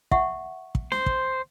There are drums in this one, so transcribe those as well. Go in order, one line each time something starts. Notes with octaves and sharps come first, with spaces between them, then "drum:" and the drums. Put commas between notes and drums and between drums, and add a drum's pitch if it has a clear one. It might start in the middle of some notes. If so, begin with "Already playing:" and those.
E5 F#5 C#6, drum: kick
drum: kick
C5, drum: snare
drum: kick